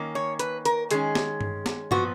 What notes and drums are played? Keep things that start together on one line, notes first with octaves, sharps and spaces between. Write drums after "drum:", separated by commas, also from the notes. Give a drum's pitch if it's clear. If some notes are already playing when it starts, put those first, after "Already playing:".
Already playing: D#3 A#3 C#4
C#5
B4, drum: hi-hat
A#4, drum: hi-hat
D#3 G#3 C#4 G#4, drum: hi-hat
drum: snare
drum: tom G2
drum: snare
A#2 F3 B3 F#4, drum: tom G2